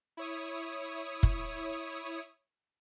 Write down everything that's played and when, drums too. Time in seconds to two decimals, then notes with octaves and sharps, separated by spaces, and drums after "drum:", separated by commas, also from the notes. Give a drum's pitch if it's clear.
0.17 E4 C#5 D#6
1.23 drum: kick